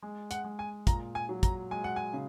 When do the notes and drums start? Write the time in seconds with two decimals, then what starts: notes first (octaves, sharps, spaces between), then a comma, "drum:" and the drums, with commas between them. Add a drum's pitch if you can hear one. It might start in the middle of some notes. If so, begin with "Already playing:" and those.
0.02 G#3
0.31 F#5, drum: hi-hat
0.44 G#3
0.59 G#5
0.87 A#2 A#5, drum: kick, hi-hat
1.15 G#5
1.29 F#3
1.43 A#5, drum: kick, hi-hat
1.71 G#3 G#5
1.84 F#5
1.96 G#5
2.13 C#3